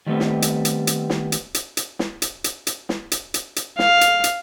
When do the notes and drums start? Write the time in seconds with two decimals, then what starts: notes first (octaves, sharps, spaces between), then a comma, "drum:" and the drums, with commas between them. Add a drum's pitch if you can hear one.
0.06 D#3 G3 A3 B3 C4
0.20 drum: snare
0.42 drum: hi-hat
0.65 drum: hi-hat
0.87 drum: hi-hat
1.10 drum: snare
1.32 drum: hi-hat
1.54 drum: hi-hat
1.77 drum: hi-hat
1.99 drum: snare
2.22 drum: hi-hat
2.44 drum: hi-hat
2.67 drum: hi-hat
2.89 drum: snare
3.12 drum: hi-hat
3.34 drum: hi-hat
3.56 drum: hi-hat
3.79 F5, drum: snare
4.01 drum: hi-hat
4.24 drum: hi-hat